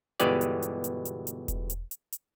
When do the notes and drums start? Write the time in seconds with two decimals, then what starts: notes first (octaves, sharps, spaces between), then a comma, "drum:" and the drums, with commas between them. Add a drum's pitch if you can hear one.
0.20 G1 B2 E3 G#3 G4 D5, drum: hi-hat
0.41 drum: hi-hat
0.62 drum: hi-hat
0.84 drum: hi-hat
1.05 drum: hi-hat
1.27 drum: hi-hat
1.48 drum: kick E1, hi-hat
1.70 drum: hi-hat
1.91 drum: hi-hat
2.12 drum: hi-hat